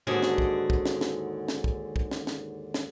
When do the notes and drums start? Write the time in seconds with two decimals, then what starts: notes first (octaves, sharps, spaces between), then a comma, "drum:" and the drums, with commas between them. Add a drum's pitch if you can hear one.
0.07 D#2 G#2 D3 F#4 G#4 G#5
0.23 drum: snare
0.38 drum: kick
0.70 drum: kick
0.86 drum: snare
1.01 drum: snare
1.48 drum: snare
1.64 drum: kick
1.96 drum: kick
2.11 drum: snare
2.27 drum: snare
2.74 drum: snare